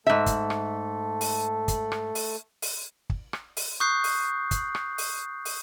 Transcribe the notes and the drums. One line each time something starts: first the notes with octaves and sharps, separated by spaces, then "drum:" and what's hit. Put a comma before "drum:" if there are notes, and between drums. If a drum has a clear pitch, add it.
G#2 A3 A4 E5
drum: kick, hi-hat
drum: rim click
drum: open hi-hat
drum: kick, hi-hat
drum: rim click
drum: open hi-hat
drum: open hi-hat
drum: kick
drum: rim click
drum: open hi-hat
C#6 D#6 F#6 G6 C7
drum: open hi-hat
drum: kick, hi-hat
drum: rim click
drum: open hi-hat
drum: open hi-hat